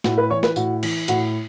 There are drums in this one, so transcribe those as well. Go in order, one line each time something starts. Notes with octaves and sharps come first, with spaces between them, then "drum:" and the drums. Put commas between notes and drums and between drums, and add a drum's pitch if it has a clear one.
A2 F#4 F#5, drum: snare
B4 B5
E3 C#5 C#6
B4 B5, drum: snare
A2 F#4 F#5, drum: tambourine
E3, drum: cymbal
A2 F#4 F#5, drum: hi-hat